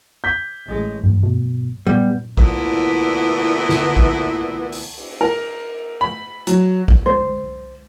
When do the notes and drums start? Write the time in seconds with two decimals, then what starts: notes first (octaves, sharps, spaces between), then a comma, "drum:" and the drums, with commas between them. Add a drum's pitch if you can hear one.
0.24 G6 B6
0.66 A1 G#3
1.03 drum: tom G2
1.23 B2
1.87 G3 B3, drum: tom A#2
2.37 D2 A#2 E3 B3 E4, drum: kick
3.69 drum: snare
3.97 drum: kick
4.72 drum: open hi-hat
4.98 drum: cymbal
5.21 A#4
6.01 B5
6.47 F#3, drum: hi-hat
6.88 drum: kick
7.06 C5, drum: tom G#3